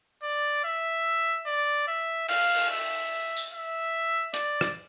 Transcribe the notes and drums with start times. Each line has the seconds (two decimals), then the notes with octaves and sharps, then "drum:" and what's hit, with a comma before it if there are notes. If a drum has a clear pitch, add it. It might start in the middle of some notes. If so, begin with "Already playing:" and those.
0.23 D5
0.64 E5
1.46 D5
1.87 E5
2.29 F5, drum: open hi-hat
2.55 drum: open hi-hat
2.70 E5
3.37 drum: tambourine
3.53 E5
4.34 D5, drum: hi-hat
4.61 drum: rim click